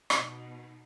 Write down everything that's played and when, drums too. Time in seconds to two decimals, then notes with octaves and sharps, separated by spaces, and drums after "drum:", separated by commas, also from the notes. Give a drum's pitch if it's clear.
0.10 B2 D#4, drum: rim click